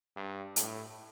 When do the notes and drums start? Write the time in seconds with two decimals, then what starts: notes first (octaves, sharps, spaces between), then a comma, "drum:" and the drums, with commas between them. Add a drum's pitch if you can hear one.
0.16 G2
0.56 A2, drum: hi-hat